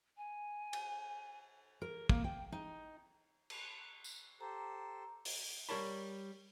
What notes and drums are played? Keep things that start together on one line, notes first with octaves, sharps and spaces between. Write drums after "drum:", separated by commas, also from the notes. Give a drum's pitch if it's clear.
G#5
drum: cymbal
A#4
A#3, drum: kick
G5
D#4
drum: cymbal
drum: tambourine
G4 A4 C5 A#5
drum: open hi-hat
G3 A#4 C#5 A5 B5